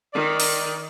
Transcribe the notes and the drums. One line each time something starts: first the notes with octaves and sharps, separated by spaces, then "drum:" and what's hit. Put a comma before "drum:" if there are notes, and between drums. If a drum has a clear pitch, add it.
D#3 D5
drum: open hi-hat